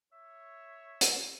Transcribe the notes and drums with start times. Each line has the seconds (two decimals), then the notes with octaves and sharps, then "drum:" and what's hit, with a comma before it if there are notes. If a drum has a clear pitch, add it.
0.13 C#5 E5
1.01 drum: hi-hat